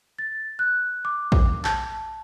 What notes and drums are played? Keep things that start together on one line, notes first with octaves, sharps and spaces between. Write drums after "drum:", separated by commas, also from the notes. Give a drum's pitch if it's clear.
A6
F#6
D6
drum: kick A1
A5, drum: clap